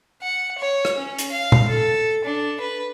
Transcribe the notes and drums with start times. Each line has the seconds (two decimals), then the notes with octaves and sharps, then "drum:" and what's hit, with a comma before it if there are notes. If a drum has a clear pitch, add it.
0.22 F#5
0.59 C#5
0.85 drum: rim click
0.98 C#4
1.19 drum: hi-hat
1.32 F5
1.52 drum: tom A#2
1.69 A4
2.25 D4
2.61 B4